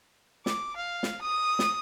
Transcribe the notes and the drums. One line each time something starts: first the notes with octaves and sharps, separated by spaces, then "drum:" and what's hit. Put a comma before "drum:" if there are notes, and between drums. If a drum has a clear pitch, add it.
D6, drum: snare
F5
drum: snare
D#6
drum: snare